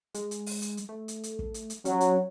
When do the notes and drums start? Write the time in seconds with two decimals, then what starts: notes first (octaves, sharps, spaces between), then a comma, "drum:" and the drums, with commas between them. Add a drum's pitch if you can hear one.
0.14 G#3, drum: hi-hat
0.31 drum: hi-hat
0.46 drum: open hi-hat
0.62 drum: hi-hat
0.77 drum: hi-hat
0.89 A3
1.08 drum: hi-hat
1.23 drum: hi-hat
1.39 drum: kick
1.54 drum: hi-hat
1.70 drum: hi-hat
1.85 F#3 C#4, drum: hi-hat
2.01 drum: hi-hat